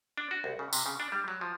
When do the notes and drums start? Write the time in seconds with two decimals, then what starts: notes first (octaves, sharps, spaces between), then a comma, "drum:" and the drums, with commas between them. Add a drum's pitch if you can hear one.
0.18 D4
0.31 F#4
0.44 C2
0.59 C#3
0.73 C3, drum: tambourine
0.86 C#3
1.00 D4
1.12 G3
1.28 F#3
1.41 F3